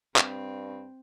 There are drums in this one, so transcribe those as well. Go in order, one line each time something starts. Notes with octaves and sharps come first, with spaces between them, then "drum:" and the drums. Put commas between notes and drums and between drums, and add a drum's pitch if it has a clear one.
G2 C4, drum: clap